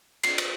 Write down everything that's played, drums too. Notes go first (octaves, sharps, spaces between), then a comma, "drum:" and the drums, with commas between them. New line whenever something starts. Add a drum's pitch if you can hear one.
C7, drum: cymbal
drum: cymbal